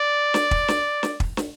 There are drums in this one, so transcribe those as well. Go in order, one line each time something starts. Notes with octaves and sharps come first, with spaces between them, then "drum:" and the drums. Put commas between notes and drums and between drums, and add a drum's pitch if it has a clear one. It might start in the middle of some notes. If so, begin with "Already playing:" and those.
Already playing: D5
drum: snare
drum: kick
drum: snare
drum: snare
drum: kick
drum: snare